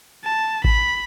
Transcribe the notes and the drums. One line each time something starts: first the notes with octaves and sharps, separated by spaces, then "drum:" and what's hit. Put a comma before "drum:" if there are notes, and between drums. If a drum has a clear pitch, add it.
A5
B5, drum: kick G#1